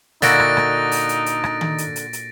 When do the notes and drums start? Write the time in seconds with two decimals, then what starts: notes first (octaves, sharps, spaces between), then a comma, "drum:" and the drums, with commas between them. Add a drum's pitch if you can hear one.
0.22 A#2 D3 D#4 E4 F#4 A6 A#6 D7, drum: open hi-hat
0.40 drum: rim click
0.57 drum: rim click
0.92 drum: open hi-hat
1.09 drum: hi-hat
1.26 drum: hi-hat
1.44 drum: rim click
1.61 drum: tom D#3
1.78 drum: hi-hat
1.96 drum: hi-hat
2.13 drum: hi-hat